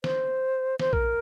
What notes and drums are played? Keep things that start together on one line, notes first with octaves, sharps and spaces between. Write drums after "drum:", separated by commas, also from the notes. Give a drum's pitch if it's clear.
C5, drum: snare
C5, drum: snare
A#4, drum: kick A#1